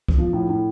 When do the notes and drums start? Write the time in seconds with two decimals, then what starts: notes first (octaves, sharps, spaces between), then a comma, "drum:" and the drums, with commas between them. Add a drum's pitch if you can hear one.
0.09 drum: kick
0.18 F3
0.33 A2
0.50 A2